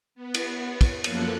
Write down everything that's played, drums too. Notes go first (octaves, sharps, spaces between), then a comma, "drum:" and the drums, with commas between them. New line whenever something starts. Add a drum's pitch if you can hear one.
B3
drum: cymbal
drum: kick, cymbal
F#2 F3 A#3 A4 F#6, drum: cymbal